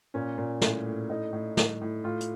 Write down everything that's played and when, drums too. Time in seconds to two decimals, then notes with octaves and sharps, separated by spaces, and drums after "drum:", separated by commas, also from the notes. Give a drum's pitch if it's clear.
0.14 A#2 C#4
0.38 A#2
0.61 A2, drum: snare
0.86 A2
1.09 A2 D#4
1.33 A2
1.57 A2, drum: snare
1.81 A2
2.04 A2 F4
2.20 drum: hi-hat